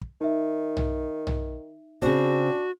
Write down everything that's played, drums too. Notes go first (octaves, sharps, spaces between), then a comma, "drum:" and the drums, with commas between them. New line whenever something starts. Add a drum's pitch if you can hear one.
drum: kick
D#3 D#4 E5
drum: tom B1
drum: tom B1
C#3 C4 D4 F#4, drum: kick